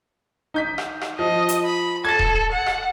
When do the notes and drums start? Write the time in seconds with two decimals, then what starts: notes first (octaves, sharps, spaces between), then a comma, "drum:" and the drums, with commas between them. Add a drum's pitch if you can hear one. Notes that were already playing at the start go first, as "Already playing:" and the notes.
0.54 D#4 G6 B6
0.78 drum: rim click
1.01 drum: rim click
1.19 F3 D#5
1.49 drum: hi-hat
1.65 B5
2.05 A4 G#6 A6
2.19 drum: kick D#1
2.52 F#5
2.66 drum: rim click